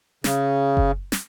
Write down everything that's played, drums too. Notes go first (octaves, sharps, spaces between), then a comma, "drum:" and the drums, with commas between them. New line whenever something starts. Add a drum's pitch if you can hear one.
C#3, drum: snare
drum: kick F#1
drum: snare